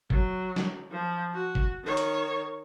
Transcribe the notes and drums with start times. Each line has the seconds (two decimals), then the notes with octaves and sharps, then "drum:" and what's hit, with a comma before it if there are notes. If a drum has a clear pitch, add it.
0.10 F#3, drum: kick G1
0.56 drum: snare
0.91 F3
1.34 F#4
1.55 drum: kick G1
1.84 D#3 C#5
1.97 drum: hi-hat